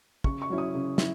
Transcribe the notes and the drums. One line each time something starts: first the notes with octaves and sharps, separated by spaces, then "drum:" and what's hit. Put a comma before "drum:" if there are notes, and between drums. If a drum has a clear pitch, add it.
C#3 C#6, drum: kick
C#6
F#3 C#4 E4
D#6
C#3
E4, drum: snare